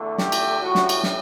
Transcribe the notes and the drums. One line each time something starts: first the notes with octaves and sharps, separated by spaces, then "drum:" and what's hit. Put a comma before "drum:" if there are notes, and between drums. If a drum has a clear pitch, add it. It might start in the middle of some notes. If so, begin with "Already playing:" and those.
Already playing: E2 D3 A3
G4, drum: snare
drum: cymbal
A2 E3 G3 F#4
drum: snare
drum: cymbal
drum: snare